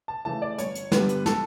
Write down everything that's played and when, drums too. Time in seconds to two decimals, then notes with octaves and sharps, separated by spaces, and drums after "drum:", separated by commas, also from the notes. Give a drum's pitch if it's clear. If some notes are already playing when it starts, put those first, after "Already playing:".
0.08 A5
0.25 C#3 E3 A3 A5
0.42 D5
0.58 G1 C#5, drum: hi-hat
0.75 drum: hi-hat
0.92 G2 D3 G3 B3 B4, drum: snare
1.09 drum: hi-hat
1.26 A4, drum: snare